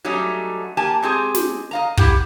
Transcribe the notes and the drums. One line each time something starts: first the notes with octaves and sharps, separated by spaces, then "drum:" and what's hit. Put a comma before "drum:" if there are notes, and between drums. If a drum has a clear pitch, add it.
F#3 G3 A3 C#4 D#4
A#3 G4 G#5 A5
G#3 C4 G4 G#4
drum: snare
D#5 F5 A#5
E4 G4 F#5, drum: kick